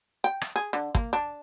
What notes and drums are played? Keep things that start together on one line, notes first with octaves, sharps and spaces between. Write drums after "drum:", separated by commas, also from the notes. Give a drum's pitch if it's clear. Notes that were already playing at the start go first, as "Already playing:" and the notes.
G5
drum: rim click
G#4
D3
A#3, drum: kick
D4